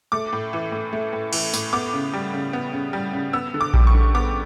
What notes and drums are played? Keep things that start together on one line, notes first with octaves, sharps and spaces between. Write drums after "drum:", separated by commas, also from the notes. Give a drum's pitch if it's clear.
A3 D6
A2
E3
A2
A3
A2
E3, drum: cymbal
A2, drum: tambourine
B3 D6
C#3
G3
C#3
B3
C#3
G3
C#3
B3 E6
D3
D6
G3, drum: kick A#1
C#6
D3
B3 D6